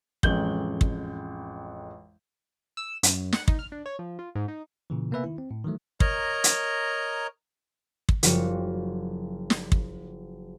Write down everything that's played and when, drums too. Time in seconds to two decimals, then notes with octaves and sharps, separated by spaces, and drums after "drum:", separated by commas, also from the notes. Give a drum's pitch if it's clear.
0.23 A1 F2 G#3 G6 F#7 G7, drum: kick
0.81 drum: kick
2.77 E6
3.03 F#2, drum: hi-hat
3.33 F#5, drum: snare
3.48 D#4, drum: kick
3.59 F6
3.72 D4
3.86 C#5
3.99 F3
4.19 F4
4.35 G#2
4.48 D#4
4.90 A#2 C#3 E3
5.11 C3 A#3 B3 B4 E5 G#5
5.24 D#3 E4
5.38 C4
5.51 A2
5.64 D#3 E3 F#3 A3
6.00 A#4 C#5 D#5 A#5, drum: kick
6.44 drum: hi-hat
8.09 drum: kick
8.23 F#1 F3 G3 F4 F#4 C#7, drum: hi-hat
9.50 drum: snare
9.72 drum: kick